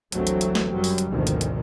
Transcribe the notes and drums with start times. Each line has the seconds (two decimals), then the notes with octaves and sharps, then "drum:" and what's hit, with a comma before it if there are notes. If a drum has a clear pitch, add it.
0.12 G1 D2 E3 F#3 A3 C4, drum: hi-hat
0.27 drum: hi-hat
0.41 drum: hi-hat
0.55 drum: snare
0.74 F#2 F#3 G3
0.84 drum: open hi-hat
0.98 drum: hi-hat
1.09 G#1 D2 B2 D#3 F3
1.27 drum: hi-hat
1.41 drum: hi-hat